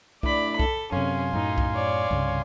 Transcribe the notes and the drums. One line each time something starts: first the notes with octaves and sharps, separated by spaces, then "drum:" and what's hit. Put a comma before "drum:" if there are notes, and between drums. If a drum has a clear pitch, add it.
A3 D4 E4 D5 B5, drum: kick B1
A4, drum: kick B1
F#2 C3 C#4 F5 G#5 C6
F#2 A2 F#3 D#4
drum: kick B1
C#5 D5
C2 G2 C#3